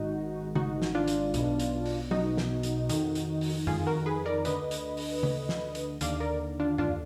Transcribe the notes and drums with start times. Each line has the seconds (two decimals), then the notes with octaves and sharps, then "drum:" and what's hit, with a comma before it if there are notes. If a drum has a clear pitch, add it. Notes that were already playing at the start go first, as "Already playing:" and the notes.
Already playing: G#1 G#2 D#3 D#4 F#4
0.55 D#4 F#4, drum: tom C#3
0.82 drum: snare
0.95 D4 F4
1.08 drum: hi-hat
1.34 B1 B2, drum: hi-hat
1.60 drum: hi-hat
1.86 drum: open hi-hat
2.11 D#4 F#4, drum: tom F#3
2.37 drum: snare
2.63 drum: hi-hat
2.89 F2 D#3, drum: hi-hat
3.15 drum: hi-hat
3.41 drum: open hi-hat
3.67 F4 G#4, drum: tom F#2
3.87 F#4 A#4
4.06 G#4 B4
4.26 A#4 D5
4.45 D2 D3 B4 D#5, drum: hi-hat
4.71 drum: hi-hat
4.97 drum: open hi-hat
5.23 drum: tom C#3
5.49 drum: snare
5.75 drum: hi-hat
6.01 D#2 D3 D5 F5, drum: hi-hat
6.20 A#4 D5
6.60 D4 F4
6.78 D4 F4, drum: tom F#2